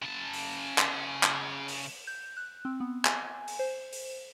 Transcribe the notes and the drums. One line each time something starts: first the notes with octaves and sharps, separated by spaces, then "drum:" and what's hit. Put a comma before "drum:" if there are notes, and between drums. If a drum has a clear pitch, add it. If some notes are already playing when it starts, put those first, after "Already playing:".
C#3 A5
drum: open hi-hat
drum: clap
drum: clap
drum: open hi-hat
G6
F#6
C4
B3
G#5, drum: clap
drum: open hi-hat
C5
drum: open hi-hat